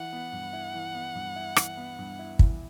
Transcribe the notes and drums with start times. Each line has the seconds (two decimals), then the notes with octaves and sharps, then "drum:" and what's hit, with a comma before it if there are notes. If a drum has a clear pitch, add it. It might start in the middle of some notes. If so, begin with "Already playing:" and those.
Already playing: E3 F#5
0.13 B3
0.33 G2
0.53 E4
0.74 E3
0.95 B3
1.15 G2
1.36 E4
1.56 E3, drum: rim click
1.77 B3
1.99 G2
2.19 E4
2.39 E3, drum: kick